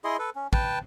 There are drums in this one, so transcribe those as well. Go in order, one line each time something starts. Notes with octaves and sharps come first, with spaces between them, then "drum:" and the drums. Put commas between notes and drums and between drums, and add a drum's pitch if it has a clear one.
E4 G#4 D#5 C6
A4 B4
C#4
B4 G5 A5, drum: kick